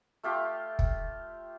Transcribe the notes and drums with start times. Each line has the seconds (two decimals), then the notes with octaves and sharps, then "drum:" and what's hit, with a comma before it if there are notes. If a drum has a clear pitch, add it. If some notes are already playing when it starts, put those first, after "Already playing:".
0.23 A3 F4 G4
0.79 drum: kick